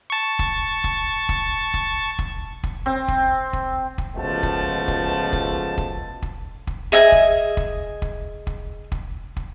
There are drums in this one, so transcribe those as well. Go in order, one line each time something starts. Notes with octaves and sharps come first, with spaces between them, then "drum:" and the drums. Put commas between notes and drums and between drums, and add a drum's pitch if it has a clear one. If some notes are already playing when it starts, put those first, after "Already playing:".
A5 C#6
drum: kick
drum: kick
drum: kick
drum: kick
drum: kick
drum: kick
C4
drum: kick
drum: kick
drum: kick
C#2 B2 F3 A3 A5
drum: kick
drum: kick
drum: kick
drum: kick
drum: kick
drum: kick
G#4 D#5 E5 G#5
drum: kick
drum: kick
drum: kick
drum: kick
drum: kick
drum: kick